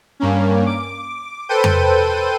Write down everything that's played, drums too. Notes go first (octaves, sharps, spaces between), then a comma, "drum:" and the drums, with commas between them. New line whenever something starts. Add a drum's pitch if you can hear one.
G2 A#3 C#4
D6
A4 B4 C5 G5 G6 D#7
drum: tom F2